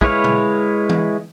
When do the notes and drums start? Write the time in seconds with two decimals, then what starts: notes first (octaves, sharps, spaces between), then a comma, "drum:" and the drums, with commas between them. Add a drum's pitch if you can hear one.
0.01 G#3 E4 B4 C#5 F5, drum: kick
0.24 drum: tom
0.89 drum: tom E3